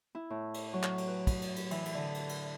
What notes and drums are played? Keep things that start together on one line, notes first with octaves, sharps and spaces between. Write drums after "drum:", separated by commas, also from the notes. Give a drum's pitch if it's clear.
E4
A2
drum: cymbal
F#3
drum: clap
drum: cymbal
B4
drum: kick, cymbal
drum: cymbal
drum: cymbal
E3, drum: cymbal
drum: cymbal
D3
drum: cymbal
drum: cymbal